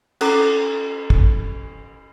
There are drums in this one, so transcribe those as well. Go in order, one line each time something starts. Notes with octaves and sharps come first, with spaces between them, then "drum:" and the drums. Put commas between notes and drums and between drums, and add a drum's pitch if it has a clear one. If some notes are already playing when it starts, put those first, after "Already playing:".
C#4 A4 A#5 D6, drum: cymbal
drum: kick